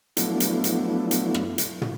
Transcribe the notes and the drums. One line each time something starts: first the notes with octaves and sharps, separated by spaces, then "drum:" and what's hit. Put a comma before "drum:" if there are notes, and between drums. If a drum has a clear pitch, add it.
F3 F#3 A3 B3 D4 E4, drum: hi-hat
drum: hi-hat
drum: hi-hat
drum: hi-hat
drum: rim click
drum: hi-hat
drum: tom